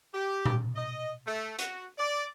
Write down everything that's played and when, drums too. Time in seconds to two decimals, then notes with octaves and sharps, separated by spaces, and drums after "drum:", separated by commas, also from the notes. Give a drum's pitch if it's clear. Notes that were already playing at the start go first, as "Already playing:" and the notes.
0.14 G4
0.45 drum: tom A#2
0.75 D#5
1.26 A3
1.59 F#4, drum: hi-hat
1.98 D5